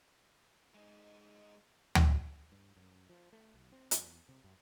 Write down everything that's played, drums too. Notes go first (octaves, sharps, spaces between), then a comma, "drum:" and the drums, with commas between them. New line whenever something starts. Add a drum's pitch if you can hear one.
G#3 D#4
drum: tom D2
G2
F#2
F3
A3
B1
C4
E2, drum: hi-hat
C3
F#2